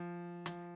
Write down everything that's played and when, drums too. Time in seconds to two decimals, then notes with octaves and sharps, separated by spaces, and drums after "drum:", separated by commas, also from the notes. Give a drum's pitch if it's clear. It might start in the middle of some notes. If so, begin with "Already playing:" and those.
Already playing: F3
0.46 F3, drum: hi-hat